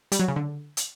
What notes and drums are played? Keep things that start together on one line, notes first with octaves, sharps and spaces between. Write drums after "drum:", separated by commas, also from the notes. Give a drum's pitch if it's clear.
G3, drum: hi-hat
F#3
C#3
D3
drum: hi-hat